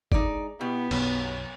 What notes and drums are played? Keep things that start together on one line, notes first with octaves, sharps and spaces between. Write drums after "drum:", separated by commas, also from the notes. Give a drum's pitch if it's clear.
G#3 D#4 D5, drum: kick F#1
B2 B3 E4 G4
B1 F#2 C#5, drum: cymbal